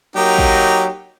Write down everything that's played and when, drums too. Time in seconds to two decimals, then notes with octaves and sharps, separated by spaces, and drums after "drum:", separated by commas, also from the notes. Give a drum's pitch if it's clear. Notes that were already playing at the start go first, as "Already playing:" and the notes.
0.16 F#3 A#3 D#4 G4
0.38 drum: kick